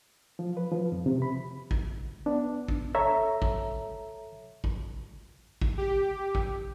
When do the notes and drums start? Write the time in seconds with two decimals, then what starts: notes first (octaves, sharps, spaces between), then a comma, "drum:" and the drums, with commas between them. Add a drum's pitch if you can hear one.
0.39 F3
0.57 B4
0.72 F3
0.92 F2
1.06 C3
1.22 B5
1.71 drum: kick
2.26 B3 D4
2.68 drum: kick
2.95 A4 C#5 E5 A#5
3.42 drum: kick
4.64 drum: kick
5.61 drum: kick
5.78 G4
6.35 drum: kick